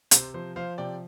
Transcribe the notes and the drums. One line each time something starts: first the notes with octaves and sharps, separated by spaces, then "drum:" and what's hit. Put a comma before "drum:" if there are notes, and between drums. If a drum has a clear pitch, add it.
C3 C5, drum: hi-hat
F3 C5
F3 C5 F5
C3 D5 G5